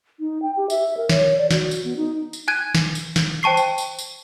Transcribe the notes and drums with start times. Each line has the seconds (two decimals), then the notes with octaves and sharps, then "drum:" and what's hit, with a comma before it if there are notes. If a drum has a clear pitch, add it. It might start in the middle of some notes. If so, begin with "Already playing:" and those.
0.20 D#4
0.42 G5
0.57 G4
0.70 E5, drum: tambourine
0.97 A#4
1.09 C#5, drum: snare
1.38 D5
1.51 F#4, drum: snare
1.71 drum: tambourine
1.84 B3
1.97 D#4
2.33 drum: tambourine
2.48 G#5 F#6 G#6 D#7
2.75 drum: snare
2.95 drum: tambourine
3.16 drum: snare
3.43 C5 G5 A5 C#6 C7
3.57 drum: tambourine
3.78 drum: tambourine
3.99 drum: tambourine